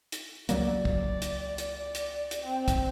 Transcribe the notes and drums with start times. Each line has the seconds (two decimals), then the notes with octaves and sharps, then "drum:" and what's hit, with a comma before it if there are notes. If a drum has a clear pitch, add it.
0.12 drum: hi-hat
0.49 C#2 F#3 A#3 D5, drum: hi-hat
0.85 drum: kick
1.22 drum: hi-hat
1.58 drum: hi-hat
1.95 drum: hi-hat
2.31 drum: hi-hat
2.44 C4
2.68 drum: kick, hi-hat